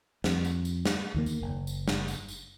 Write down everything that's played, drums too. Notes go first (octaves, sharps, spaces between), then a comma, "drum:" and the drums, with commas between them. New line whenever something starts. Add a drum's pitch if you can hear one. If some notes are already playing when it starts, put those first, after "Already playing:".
F2, drum: snare
drum: tambourine
drum: tambourine
drum: snare
D#2 D#3 A#3
drum: tambourine
F#1
drum: tambourine
drum: snare
drum: tambourine
drum: tambourine